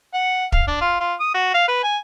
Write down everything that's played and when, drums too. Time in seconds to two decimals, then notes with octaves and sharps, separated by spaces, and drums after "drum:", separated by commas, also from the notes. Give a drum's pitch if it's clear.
0.14 F#5
0.52 F5, drum: kick
0.68 D4
0.81 F4
1.00 F4
1.20 D#6
1.34 F#4
1.54 F5
1.68 B4
1.84 G#5